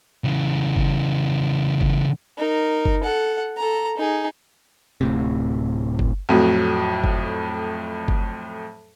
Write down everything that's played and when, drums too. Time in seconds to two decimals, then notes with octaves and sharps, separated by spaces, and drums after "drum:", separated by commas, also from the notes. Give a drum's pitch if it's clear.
0.24 C#3 E3
0.76 drum: kick F#1
1.81 drum: kick F#1
2.38 D#4 A#4
2.85 drum: kick F#1
3.04 A4 F#5
3.57 A4 A#5
3.97 D#4 G#4
5.01 D1 A2 C3
5.99 drum: kick F#1
6.29 F2 A2 F#3
7.04 drum: kick F#1
8.08 drum: kick F#1